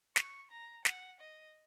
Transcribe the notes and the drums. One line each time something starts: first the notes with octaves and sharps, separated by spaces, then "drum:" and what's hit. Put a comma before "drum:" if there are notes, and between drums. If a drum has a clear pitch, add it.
C#6, drum: snare
A#5
F#5, drum: snare
D#5